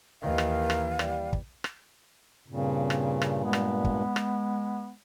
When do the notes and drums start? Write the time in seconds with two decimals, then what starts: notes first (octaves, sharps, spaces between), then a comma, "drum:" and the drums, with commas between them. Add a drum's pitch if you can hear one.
0.22 D#2 D#3 E3 F5
0.38 drum: rim click
0.70 drum: rim click
0.99 G3, drum: rim click
1.33 drum: kick
1.64 drum: rim click
2.48 G2 A#2 C#3 C4
2.90 drum: rim click
3.22 drum: rim click
3.44 G#3 B3
3.53 drum: rim click
3.85 drum: kick
4.16 drum: rim click